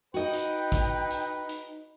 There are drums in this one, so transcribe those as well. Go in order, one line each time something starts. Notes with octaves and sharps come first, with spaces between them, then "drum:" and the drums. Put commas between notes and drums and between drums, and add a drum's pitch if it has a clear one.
D#4 F#4 B4 D#5 G5
drum: hi-hat
drum: kick A1, hi-hat
drum: hi-hat
drum: hi-hat